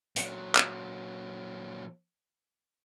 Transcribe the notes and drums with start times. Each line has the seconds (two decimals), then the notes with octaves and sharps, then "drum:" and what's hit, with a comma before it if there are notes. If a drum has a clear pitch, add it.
0.16 A#2 F#3, drum: hi-hat
0.55 drum: clap